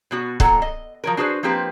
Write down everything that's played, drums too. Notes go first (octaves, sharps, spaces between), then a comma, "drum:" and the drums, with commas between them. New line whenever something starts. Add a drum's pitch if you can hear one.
B2 B3 F#4
A#2 A4 F#5 A#5, drum: kick
D#5
F3 F#3 A#4
D4 F#4 G#4 B4 C5
F3 A#3 C4 G4 B4